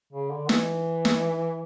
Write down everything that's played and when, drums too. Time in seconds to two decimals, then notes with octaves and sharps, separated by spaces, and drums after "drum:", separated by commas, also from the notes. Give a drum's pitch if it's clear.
0.13 C#3
0.30 D3
0.49 E3, drum: snare
1.05 drum: snare